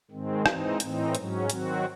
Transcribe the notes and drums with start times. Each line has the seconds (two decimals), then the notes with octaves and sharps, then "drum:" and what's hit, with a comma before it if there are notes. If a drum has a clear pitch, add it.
0.11 G#2 D#3 G#3 C4
0.46 G#2 E3 C4 D#4, drum: rim click
0.80 A2 E3 C4 D#4, drum: hi-hat
1.15 G#2 F#3 C#4, drum: hi-hat
1.50 D#3 F#3 C4 F#4, drum: hi-hat